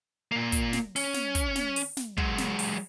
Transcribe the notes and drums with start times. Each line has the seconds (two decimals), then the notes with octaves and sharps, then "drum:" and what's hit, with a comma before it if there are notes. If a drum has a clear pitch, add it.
0.32 A#2 A#3
0.52 drum: kick, hi-hat
0.73 drum: snare
0.96 C#4, drum: open hi-hat
1.14 drum: snare
1.35 drum: kick, hi-hat
1.55 drum: snare
1.76 drum: open hi-hat
1.97 drum: snare
2.17 F#3 G#3, drum: kick
2.38 drum: snare
2.59 drum: open hi-hat